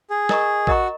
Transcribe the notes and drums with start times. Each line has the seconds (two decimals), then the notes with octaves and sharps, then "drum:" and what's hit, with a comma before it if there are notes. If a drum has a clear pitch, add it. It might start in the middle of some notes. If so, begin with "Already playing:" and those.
0.10 G#4
0.29 A#4 D#5 A#5 C#6, drum: snare
0.67 F#4 A#4 D#5 A#5 C#6, drum: kick A#1